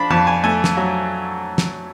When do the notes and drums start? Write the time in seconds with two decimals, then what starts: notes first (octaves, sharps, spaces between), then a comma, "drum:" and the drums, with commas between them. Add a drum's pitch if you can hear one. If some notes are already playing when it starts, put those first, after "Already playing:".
Already playing: F3 D4 B5
0.11 F2 A5, drum: tom
0.27 G#5
0.44 A3 G#5
0.64 drum: snare
0.77 F#3
1.58 drum: snare